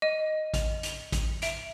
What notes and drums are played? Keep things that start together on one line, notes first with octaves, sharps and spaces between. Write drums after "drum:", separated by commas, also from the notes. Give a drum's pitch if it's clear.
D#5 D#7
drum: kick A1, hi-hat
drum: hi-hat
drum: kick A1, hi-hat
E5 D7, drum: hi-hat